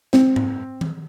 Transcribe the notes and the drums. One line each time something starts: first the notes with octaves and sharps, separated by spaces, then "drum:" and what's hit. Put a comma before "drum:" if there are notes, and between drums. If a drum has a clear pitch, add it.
C4, drum: snare
drum: tom G#2
drum: tom D#3